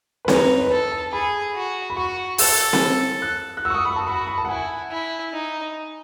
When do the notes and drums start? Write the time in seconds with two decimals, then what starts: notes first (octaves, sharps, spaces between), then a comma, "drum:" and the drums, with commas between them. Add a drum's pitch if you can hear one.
0.25 B4
0.28 D#4 C#5, drum: snare C4
0.38 B4
0.59 B4
0.70 A4
0.92 A5
1.12 G#4 B5
1.55 F#4
1.90 B5
1.96 F#4 C#6
2.38 A4 E6, drum: open hi-hat
2.73 drum: snare C4
3.22 F#6
3.57 F#6
3.64 F#4 E6
3.70 C#6
3.74 D#6
3.85 B5
3.96 A5
4.06 F#4 B5
4.27 B5
4.38 A5
4.45 F#5
4.49 E4 G#5
4.91 E4
5.33 D#4